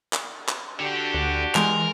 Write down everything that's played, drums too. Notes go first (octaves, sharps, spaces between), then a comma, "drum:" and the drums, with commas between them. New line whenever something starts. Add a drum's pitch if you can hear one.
drum: clap
drum: clap
D3 D4 F#4 G4
D2
E3 G#3 A#4, drum: clap